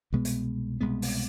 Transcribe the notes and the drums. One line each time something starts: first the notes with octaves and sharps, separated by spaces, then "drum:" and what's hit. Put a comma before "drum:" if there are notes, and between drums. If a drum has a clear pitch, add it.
C2 B2 G#3 B3
drum: hi-hat
C2 B2 G#3 B3
drum: open hi-hat